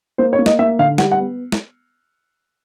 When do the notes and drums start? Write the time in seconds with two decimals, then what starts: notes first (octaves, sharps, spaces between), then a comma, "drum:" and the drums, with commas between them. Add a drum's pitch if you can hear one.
0.18 A#3 C5
0.33 C#5
0.39 A#3
0.46 D#5, drum: snare
0.59 A#3 E5
0.79 D3 F5
0.98 G3 F#5, drum: snare
1.11 F#5
1.19 B3
1.52 drum: snare